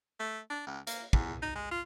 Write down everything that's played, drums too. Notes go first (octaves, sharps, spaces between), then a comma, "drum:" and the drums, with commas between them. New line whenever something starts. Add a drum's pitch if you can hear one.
A3
D4
C#2
A#3, drum: hi-hat
E2, drum: kick
D#4
G#3
F4